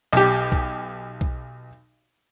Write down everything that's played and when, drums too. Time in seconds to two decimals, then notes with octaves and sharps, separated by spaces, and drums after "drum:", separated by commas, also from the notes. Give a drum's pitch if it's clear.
0.13 B1 G4, drum: tambourine
0.52 drum: kick B1
1.21 drum: kick B1